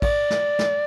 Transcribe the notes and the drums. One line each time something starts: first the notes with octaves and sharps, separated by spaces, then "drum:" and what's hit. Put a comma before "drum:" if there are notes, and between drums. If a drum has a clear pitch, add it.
D5, drum: kick, cymbal
drum: snare
drum: snare